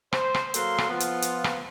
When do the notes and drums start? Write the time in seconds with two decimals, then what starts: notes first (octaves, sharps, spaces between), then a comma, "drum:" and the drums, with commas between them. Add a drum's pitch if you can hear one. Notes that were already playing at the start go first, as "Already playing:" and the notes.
0.13 C5, drum: rim click
0.34 drum: rim click
0.54 F#3 A#3 F#4 A4 F5 C6, drum: hi-hat
0.78 drum: rim click
0.89 F3 B3 F4
1.00 drum: hi-hat
1.22 drum: hi-hat
1.44 drum: rim click